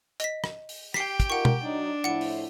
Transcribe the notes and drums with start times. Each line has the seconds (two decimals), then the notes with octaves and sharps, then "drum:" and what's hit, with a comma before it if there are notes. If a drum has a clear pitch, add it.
0.20 D#5 B6, drum: hi-hat
0.44 drum: rim click
0.69 drum: open hi-hat
0.94 G4 G5 B6 C7, drum: rim click
1.20 drum: kick, hi-hat
1.30 D#4 F4 A#4 F#5 C#6
1.45 drum: tom
1.63 F#3 D4 D#4
2.04 A2 F3 E4 F#5 C#7
2.21 drum: open hi-hat